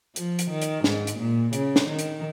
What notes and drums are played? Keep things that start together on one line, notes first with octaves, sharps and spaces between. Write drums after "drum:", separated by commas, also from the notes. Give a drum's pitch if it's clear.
F3, drum: hi-hat
drum: hi-hat
D#3
drum: hi-hat
G#2, drum: snare
drum: hi-hat
A#2
C#3, drum: hi-hat
drum: snare
D#3
drum: hi-hat